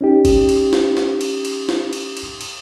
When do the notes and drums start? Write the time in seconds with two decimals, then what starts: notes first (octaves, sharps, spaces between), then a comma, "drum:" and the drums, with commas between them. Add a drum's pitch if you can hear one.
0.01 C#4 D#4 G4
0.25 drum: kick G1, cymbal
0.49 drum: cymbal
0.73 drum: snare
0.97 drum: snare
1.21 drum: cymbal
1.45 drum: cymbal
1.69 drum: snare
1.93 drum: cymbal
2.17 drum: cymbal
2.41 drum: cymbal